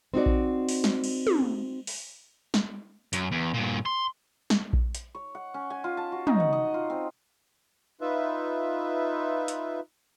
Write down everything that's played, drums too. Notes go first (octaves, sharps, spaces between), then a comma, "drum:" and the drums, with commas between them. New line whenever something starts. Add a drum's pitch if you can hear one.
C4 D#4 F#4 D5
drum: kick A#1
drum: open hi-hat
drum: snare
drum: cymbal
drum: tom
drum: open hi-hat
drum: snare
F#2, drum: hi-hat
E2
G2 A#2
C6
drum: snare
drum: kick A#1
drum: hi-hat
C#5
F#5
C#4
G#5
F4
A5
F#4
D#4, drum: tom
F#5
D#5
F4
C4
D#4 F4 B4 E5
drum: hi-hat